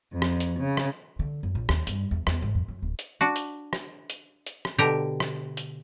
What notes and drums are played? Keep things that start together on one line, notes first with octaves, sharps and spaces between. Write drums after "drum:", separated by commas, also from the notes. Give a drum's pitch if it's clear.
F2
drum: rim click
drum: hi-hat
C#3
drum: rim click
D3
F#2
A#1
D#2, drum: rim click
G2, drum: hi-hat
E2
E2, drum: rim click
G#1
F2
F#2
D1
drum: hi-hat
D4 F#4
drum: hi-hat
drum: rim click
drum: hi-hat
drum: hi-hat
drum: rim click
B2 D3 G4 G5 A#5
drum: rim click
drum: hi-hat